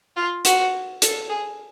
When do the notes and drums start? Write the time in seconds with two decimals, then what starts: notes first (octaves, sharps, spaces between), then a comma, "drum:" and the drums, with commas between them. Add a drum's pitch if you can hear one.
0.16 F4
0.45 F#4, drum: hi-hat
1.02 A4, drum: hi-hat
1.29 G#4